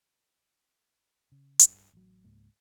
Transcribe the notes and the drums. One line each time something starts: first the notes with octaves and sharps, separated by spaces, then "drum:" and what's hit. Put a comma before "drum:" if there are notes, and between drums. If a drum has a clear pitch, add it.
C#3
G2, drum: hi-hat
A1 F#3
C#2 G#2 A#3